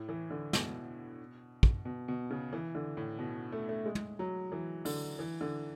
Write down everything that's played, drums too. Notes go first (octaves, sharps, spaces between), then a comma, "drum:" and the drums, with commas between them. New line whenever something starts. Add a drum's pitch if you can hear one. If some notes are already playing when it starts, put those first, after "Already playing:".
Already playing: A2
E3
D3
B2, drum: snare
drum: kick
B2
B2
C#3
E3
D3
A2
B2
A3
A3
G#3
drum: tom
F#3
E3
D3, drum: open hi-hat
E3
D3